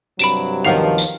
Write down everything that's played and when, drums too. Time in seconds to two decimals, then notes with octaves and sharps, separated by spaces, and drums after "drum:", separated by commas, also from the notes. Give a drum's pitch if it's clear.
0.19 G2 C3 F#3 B5 D7 E7, drum: tambourine
0.65 D#2 D#3 F3 B3 F#5 C7 F7
0.98 drum: tambourine